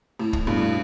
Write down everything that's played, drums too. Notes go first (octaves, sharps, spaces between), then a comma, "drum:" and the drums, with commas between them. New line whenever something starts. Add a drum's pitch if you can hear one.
A2
drum: kick
G2 B2
A2